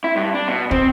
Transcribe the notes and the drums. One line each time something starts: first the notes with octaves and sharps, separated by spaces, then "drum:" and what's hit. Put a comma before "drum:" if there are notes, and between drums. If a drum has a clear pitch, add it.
E4
G2
D4
B2
C4, drum: kick